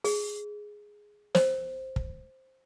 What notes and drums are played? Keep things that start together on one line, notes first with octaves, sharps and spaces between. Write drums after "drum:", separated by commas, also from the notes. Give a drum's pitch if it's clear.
G#4, drum: open hi-hat
C5, drum: snare
drum: kick